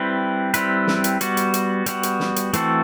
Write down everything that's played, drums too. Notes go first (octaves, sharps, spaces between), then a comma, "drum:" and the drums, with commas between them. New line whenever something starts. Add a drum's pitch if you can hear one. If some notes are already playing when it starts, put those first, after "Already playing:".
Already playing: G3 C4 E4 B4
G3 C4 E4 B4, drum: hi-hat
drum: snare
drum: hi-hat
G3 B3 F#4, drum: hi-hat
drum: hi-hat
drum: hi-hat
G3 B3 F#4, drum: hi-hat
drum: hi-hat
drum: snare
drum: hi-hat
E3 A3 C4 F#4 A4, drum: hi-hat